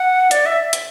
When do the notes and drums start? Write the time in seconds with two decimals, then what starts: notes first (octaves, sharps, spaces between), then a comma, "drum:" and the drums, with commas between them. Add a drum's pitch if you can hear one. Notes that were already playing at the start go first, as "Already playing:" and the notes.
Already playing: F#5
0.31 D5, drum: hi-hat
0.46 E5
0.73 drum: hi-hat